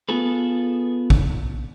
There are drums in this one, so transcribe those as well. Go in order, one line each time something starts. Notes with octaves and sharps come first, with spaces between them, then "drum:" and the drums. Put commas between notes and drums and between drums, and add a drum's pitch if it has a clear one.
B3 F4 G#4 A4 B4
drum: kick